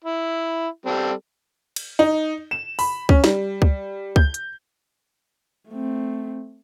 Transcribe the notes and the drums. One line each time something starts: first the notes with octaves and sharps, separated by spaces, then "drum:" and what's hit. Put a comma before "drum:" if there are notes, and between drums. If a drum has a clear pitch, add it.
E4
G3 C4 A4
drum: cymbal
D#4
E7
B5, drum: open hi-hat
C#4, drum: kick C#2
G3, drum: snare
drum: kick C#2
G6, drum: kick C#2
drum: hi-hat
A3 C4